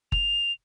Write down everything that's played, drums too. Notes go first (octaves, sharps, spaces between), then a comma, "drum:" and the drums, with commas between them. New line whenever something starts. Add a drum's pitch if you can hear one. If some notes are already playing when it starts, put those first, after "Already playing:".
F7, drum: kick F#1